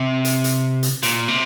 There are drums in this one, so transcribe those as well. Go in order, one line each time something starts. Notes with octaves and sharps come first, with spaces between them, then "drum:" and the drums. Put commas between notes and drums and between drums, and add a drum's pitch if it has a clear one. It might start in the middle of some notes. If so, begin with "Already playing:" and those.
Already playing: C3
drum: hi-hat
drum: hi-hat
drum: hi-hat
A#2, drum: hi-hat
C3